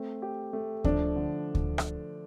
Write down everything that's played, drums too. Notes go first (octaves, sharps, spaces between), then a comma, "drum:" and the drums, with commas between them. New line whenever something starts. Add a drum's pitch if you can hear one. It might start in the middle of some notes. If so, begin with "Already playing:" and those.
Already playing: A3 C4
G4
A3
F3 D4, drum: kick D2
D3
drum: kick D2
drum: rim click